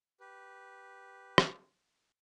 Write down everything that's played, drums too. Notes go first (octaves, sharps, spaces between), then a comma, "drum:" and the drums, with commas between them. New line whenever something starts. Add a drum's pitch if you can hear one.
G4 B4
drum: rim click